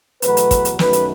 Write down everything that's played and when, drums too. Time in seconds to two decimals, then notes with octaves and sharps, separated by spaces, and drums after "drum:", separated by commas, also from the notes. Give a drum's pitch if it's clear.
0.22 E2 B2 F#3 A3 B4, drum: hi-hat
0.37 drum: hi-hat
0.51 drum: kick, hi-hat
0.65 drum: hi-hat
0.79 F#2 D#3 A3 B4, drum: snare
0.93 drum: hi-hat